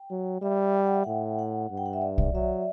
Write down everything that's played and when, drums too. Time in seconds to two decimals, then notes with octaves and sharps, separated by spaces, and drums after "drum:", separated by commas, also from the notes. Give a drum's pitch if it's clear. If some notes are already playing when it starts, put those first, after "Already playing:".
Already playing: G5
0.10 F#3
0.42 G3 E5
0.75 G5
0.84 F#5
0.94 E5
1.04 A2 F#5
1.39 F#5
1.70 G2
1.77 G5
1.86 F#5
1.93 E5
2.02 D5
2.18 D5, drum: kick B1
2.34 F#3 E5